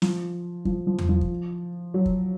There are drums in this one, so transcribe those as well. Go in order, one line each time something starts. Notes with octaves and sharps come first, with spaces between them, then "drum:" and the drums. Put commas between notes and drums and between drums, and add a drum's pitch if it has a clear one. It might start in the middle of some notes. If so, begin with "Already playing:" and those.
F3, drum: snare
F3, drum: kick
F3
drum: tom E2
F3
drum: kick
F#3
drum: kick